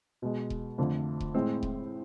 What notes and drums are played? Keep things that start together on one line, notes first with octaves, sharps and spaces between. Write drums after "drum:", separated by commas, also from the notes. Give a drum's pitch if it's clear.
B2 G#3
drum: kick D#1
F2 D3 F3 A3
drum: kick D#1
A2 G#3 C4
drum: kick D#1